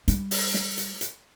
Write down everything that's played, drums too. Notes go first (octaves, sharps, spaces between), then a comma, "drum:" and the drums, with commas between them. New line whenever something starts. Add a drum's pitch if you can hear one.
G3, drum: hi-hat
drum: open hi-hat
drum: snare
drum: hi-hat
drum: hi-hat